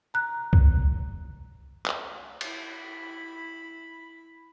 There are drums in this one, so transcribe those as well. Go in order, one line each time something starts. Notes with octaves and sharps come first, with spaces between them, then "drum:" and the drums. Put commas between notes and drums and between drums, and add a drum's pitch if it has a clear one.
A#5 F#6
drum: kick C2
drum: clap
E4 B5, drum: cymbal